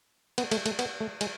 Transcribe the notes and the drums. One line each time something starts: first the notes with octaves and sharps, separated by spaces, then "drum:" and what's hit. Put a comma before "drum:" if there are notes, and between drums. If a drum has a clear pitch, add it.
B3, drum: cymbal
A3, drum: cymbal
A3, drum: cymbal
B3, drum: cymbal
A3
G#3, drum: cymbal